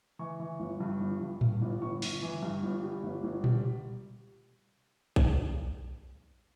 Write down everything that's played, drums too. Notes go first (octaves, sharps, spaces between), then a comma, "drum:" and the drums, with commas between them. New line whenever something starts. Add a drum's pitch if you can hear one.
E3 C#6
E3
G1
G2
G1
G2
G2, drum: tom A2
G1
G1 C#6
G1, drum: open hi-hat
E3
G2
G1
G3
G1
G1
G3, drum: tom A#2
drum: kick A#1